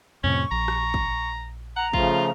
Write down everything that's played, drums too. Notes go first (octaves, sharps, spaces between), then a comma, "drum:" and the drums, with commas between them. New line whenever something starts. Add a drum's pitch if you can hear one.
F2 A2 C3 C#4 C#6
A#1 A#5
drum: rim click
drum: kick
F#5 A#5
C#3 F3 A3 F4, drum: kick